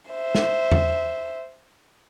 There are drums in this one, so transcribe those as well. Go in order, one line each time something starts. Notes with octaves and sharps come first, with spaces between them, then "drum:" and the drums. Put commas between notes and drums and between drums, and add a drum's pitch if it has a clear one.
C5 E5
drum: snare
drum: tom E2